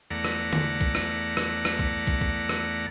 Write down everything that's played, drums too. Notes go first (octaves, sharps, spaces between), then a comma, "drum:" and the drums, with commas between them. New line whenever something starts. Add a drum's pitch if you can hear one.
E2 A3 D5 F#5 A#5
drum: rim click
drum: tom D3
drum: kick
drum: rim click
drum: rim click
drum: rim click
drum: kick
drum: kick
drum: kick
drum: rim click